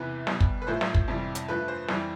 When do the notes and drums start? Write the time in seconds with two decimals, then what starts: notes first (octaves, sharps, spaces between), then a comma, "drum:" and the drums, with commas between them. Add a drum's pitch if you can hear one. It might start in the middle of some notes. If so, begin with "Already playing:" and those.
Already playing: E2 C3 E3 B4
0.27 B2 G3, drum: snare
0.41 drum: kick
0.62 B4
0.67 A2 F3 A3 C5
0.81 drum: snare
0.95 drum: kick
1.08 F2 C3 E3 G3
1.35 drum: hi-hat
1.48 G2 F3 A3 B4
1.68 C5
1.88 F2 E3 G3 C5, drum: snare